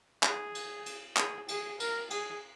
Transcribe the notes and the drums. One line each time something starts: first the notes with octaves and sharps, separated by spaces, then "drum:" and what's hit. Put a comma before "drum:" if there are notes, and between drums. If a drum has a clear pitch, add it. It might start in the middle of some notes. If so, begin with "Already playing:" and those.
G#4, drum: clap
drum: cymbal
drum: cymbal
G#4, drum: clap
G#4, drum: cymbal
A#4, drum: cymbal
G#4, drum: cymbal